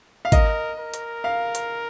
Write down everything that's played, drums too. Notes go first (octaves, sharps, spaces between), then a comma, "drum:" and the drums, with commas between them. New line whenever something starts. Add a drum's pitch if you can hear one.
F5
A#4 D#5, drum: kick, hi-hat
A#4
drum: hi-hat
F5
drum: hi-hat